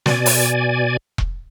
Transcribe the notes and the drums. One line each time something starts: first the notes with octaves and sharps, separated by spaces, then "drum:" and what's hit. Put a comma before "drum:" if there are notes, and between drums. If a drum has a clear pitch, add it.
B2 D5 G#5, drum: snare
drum: open hi-hat
drum: kick E1